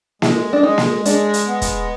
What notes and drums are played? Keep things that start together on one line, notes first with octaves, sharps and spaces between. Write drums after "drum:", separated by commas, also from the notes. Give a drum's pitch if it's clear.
G#3 E4, drum: snare A#3
D4
G#3 D#4
drum: snare A#3
G#3 D4, drum: hi-hat
drum: hi-hat
B3
drum: kick E1, hi-hat